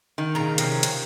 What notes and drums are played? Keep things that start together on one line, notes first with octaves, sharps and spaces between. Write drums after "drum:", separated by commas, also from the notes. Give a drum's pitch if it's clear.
D#3
A#2 C#3 A#5
C3 F3 C#4, drum: hi-hat
drum: hi-hat